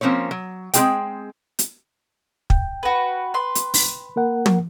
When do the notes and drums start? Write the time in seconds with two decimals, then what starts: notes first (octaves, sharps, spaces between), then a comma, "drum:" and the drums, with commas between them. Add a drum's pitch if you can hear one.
0.01 F3 A#3 C4 C#4 C#5
0.31 F#3
0.74 G#3 C4 E4 F#4 G#4 G5, drum: hi-hat
1.59 drum: hi-hat
2.50 G5, drum: kick
2.83 F#4 B4
3.34 B4 C6
3.55 drum: hi-hat
3.74 drum: open hi-hat
4.16 A#3 A#4 F#5
4.46 drum: tom